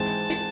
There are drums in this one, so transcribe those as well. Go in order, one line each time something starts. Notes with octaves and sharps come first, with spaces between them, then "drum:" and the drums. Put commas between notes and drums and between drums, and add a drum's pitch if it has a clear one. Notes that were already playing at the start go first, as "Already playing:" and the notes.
Already playing: G#1 G#2 E3 G#3 C4 A5
drum: hi-hat